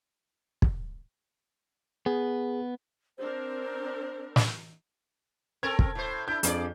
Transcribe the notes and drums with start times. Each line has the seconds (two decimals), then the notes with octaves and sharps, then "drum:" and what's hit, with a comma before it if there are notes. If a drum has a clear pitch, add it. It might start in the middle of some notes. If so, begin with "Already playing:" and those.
0.62 drum: kick
2.06 B3 G#4
3.18 C4 D4 A#4 C5
4.36 drum: snare
5.63 C4 A4 A#4 G#6
5.79 drum: kick
5.95 A2 C5
6.28 D4 E4 G6
6.43 F2 F3 D4 G#4 A#4 D5, drum: hi-hat